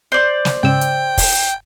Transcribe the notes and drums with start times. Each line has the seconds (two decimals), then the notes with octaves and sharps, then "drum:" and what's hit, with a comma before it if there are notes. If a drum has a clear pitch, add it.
0.12 C5 D5
0.45 drum: snare
0.63 G#2 C#3 G5 E6
0.81 drum: hi-hat
1.18 drum: kick, open hi-hat